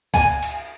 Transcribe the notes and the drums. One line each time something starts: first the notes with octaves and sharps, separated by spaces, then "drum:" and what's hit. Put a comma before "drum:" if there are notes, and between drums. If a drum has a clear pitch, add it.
G#5, drum: kick, cymbal
drum: cymbal